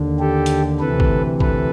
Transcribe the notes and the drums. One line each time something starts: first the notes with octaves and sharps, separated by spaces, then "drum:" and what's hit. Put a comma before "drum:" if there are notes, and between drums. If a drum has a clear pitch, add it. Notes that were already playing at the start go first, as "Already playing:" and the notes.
Already playing: D#2 D3
G4 A4
drum: hi-hat
D2 C3 E3 A4 B4
drum: kick
A4 B4, drum: kick